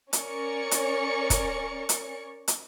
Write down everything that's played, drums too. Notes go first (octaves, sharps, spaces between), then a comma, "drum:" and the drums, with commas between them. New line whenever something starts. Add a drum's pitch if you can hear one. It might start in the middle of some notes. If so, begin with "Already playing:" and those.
C#4 A#4 C#5 D5 C#6 C#7, drum: hi-hat
drum: hi-hat
drum: kick, hi-hat
drum: hi-hat
drum: hi-hat